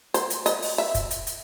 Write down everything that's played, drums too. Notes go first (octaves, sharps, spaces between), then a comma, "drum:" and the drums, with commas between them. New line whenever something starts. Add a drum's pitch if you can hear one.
C5, drum: hi-hat
drum: hi-hat
D#5, drum: hi-hat
drum: open hi-hat
E5
drum: kick, hi-hat
drum: hi-hat
drum: hi-hat